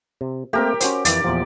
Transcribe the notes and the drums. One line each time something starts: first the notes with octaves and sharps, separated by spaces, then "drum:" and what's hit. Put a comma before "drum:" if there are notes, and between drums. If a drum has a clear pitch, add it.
C3
A3 A#3 C4 G4 A#4
C#4 F#4 C5, drum: hi-hat
F2 E3 D5, drum: hi-hat
E2 A#2 F3